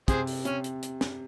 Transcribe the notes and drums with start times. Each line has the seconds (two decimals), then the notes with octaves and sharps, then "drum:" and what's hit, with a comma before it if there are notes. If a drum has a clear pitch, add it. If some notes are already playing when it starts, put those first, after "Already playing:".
0.08 C3 G#4 C5, drum: kick, hi-hat
0.27 drum: open hi-hat
0.45 C3 C#4, drum: hi-hat
0.64 drum: hi-hat
0.83 drum: hi-hat
1.01 drum: snare